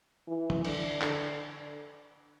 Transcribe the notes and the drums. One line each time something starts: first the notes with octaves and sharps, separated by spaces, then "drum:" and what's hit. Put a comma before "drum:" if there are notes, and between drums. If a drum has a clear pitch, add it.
E3
drum: tom
D3, drum: cymbal
D3, drum: clap